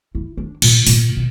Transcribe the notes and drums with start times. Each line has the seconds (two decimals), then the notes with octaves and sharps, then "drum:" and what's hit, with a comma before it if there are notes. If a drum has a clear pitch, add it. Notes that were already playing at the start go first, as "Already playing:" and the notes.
0.15 E4
0.38 D4
0.62 A#2, drum: cymbal
0.87 A#2, drum: open hi-hat
1.16 B2